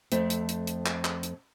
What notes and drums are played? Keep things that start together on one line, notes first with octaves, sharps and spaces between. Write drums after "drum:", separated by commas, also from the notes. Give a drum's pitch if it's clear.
F2 A3 C4, drum: hi-hat
drum: hi-hat
drum: hi-hat
drum: hi-hat
drum: clap
drum: clap
drum: hi-hat